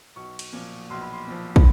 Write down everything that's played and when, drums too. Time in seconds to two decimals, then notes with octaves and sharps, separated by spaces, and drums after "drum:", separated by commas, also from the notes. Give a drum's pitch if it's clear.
0.16 B1 C#6
0.39 drum: cymbal
0.53 A#2 F3
0.90 B1 C6
1.01 B5
1.13 C6
1.27 A#2 F3
1.56 B5, drum: kick